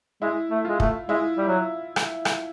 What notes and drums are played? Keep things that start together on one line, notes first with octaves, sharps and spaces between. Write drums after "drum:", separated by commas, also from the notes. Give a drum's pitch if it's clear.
G#3 E4
A3
G#3 F4
A3, drum: kick
G#3 E4
G3
F#3
drum: rim click
drum: rim click